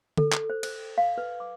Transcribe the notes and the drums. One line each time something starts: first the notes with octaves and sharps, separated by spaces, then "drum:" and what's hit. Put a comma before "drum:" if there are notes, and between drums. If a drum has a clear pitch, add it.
A4, drum: tom D3
drum: clap
C5
C5, drum: cymbal
F5
B4
D6